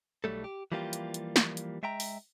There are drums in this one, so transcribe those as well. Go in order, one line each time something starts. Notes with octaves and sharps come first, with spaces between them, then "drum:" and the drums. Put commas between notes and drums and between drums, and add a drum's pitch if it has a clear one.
B1 F#3 G3 A3 A4
G4
E3 F3 G3 A#3 F4 G4
drum: hi-hat
drum: hi-hat
drum: snare
drum: hi-hat
G#3 E5 G5 A#5
drum: open hi-hat